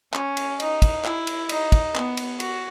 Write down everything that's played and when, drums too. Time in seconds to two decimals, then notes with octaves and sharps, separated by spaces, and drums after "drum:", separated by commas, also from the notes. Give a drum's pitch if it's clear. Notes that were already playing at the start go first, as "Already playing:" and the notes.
0.14 C#4, drum: clap
0.37 drum: cymbal
0.60 D#4, drum: cymbal
0.82 drum: kick, cymbal
1.05 E4, drum: clap
1.27 drum: cymbal
1.49 D#4, drum: cymbal
1.72 drum: kick, cymbal
1.95 B3, drum: clap
2.17 drum: cymbal
2.40 F#4, drum: cymbal